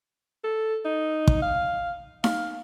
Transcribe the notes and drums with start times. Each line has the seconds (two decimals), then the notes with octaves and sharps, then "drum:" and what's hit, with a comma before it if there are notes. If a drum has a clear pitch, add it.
0.44 A4
0.85 D#4
1.27 drum: kick
1.42 F5
2.24 F5, drum: snare D#4